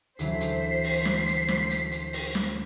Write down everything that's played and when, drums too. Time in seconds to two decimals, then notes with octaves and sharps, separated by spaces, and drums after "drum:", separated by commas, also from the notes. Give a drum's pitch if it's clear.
0.19 D2 E3 F#3 C5 B6 C7, drum: hi-hat
0.41 drum: hi-hat
0.84 drum: open hi-hat
1.05 drum: snare
1.27 drum: hi-hat
1.48 drum: snare
1.70 drum: hi-hat
1.92 drum: hi-hat
2.13 drum: open hi-hat
2.35 drum: snare